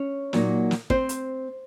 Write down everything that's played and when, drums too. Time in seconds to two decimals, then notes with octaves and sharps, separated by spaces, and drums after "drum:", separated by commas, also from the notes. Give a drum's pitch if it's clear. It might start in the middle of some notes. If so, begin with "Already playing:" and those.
Already playing: C#4 C#5
0.33 A#2 F#3 A#3 D#4, drum: snare
0.71 drum: snare
0.90 C4 C5, drum: kick
1.09 drum: hi-hat